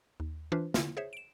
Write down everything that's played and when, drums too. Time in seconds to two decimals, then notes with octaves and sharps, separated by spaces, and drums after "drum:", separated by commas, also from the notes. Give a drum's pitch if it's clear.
0.20 D#2
0.52 E3 D4 F4 B4 C5
0.74 D3 E4 F4, drum: snare
0.97 G#4 C5 C#5 E5
1.13 D7 E7